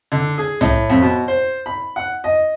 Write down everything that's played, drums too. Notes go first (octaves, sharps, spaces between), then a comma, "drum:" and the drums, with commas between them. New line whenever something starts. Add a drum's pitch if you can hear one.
D3
G#4
A2, drum: tom
F2
B2
C5
B5
F#5
D#5